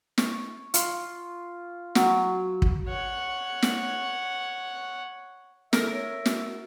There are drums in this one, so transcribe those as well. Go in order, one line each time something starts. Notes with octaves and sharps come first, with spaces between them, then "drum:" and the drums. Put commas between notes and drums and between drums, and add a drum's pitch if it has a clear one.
C#5, drum: snare
F4, drum: hi-hat
F#3, drum: snare
drum: kick
C#5 F#5
drum: snare
A4 A#4 E5, drum: snare
C#5
F#4, drum: snare